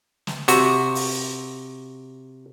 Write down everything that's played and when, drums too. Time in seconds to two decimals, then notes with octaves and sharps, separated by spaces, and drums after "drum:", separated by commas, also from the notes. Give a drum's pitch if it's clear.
0.27 drum: snare
0.48 C3 F#4, drum: hi-hat
0.95 drum: open hi-hat